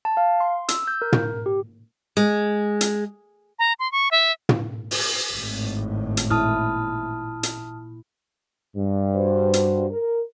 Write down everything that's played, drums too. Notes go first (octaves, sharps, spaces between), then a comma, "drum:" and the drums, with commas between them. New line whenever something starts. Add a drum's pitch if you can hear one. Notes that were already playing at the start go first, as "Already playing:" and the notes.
A5
F5
C6
E6, drum: hi-hat
G6
A#4
drum: tom
G4
G#3
drum: hi-hat
A#5
C6
C#6
E5
drum: tom
drum: open hi-hat
G#1 A2
drum: hi-hat
A#2 E4 A5 D#6 F6
drum: hi-hat
G2
F#4 C5
drum: hi-hat
A#4